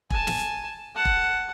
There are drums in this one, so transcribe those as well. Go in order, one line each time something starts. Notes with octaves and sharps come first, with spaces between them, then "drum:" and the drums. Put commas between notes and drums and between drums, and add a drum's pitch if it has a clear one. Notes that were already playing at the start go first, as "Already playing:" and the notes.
G#5 A5, drum: kick E1
drum: snare
F#5 A5
drum: kick E1